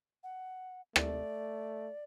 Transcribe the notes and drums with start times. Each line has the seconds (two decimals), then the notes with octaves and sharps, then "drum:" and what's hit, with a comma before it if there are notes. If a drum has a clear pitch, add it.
0.23 F#5
0.96 A3 D5, drum: rim click